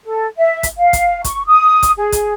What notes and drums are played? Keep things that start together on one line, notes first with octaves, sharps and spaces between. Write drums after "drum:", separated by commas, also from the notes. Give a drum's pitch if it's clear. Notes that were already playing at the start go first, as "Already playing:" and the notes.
A4
E5
drum: kick, hi-hat
F5
drum: kick, hi-hat
C#6, drum: kick, hi-hat
D#6
drum: kick, hi-hat
G#4
drum: kick, hi-hat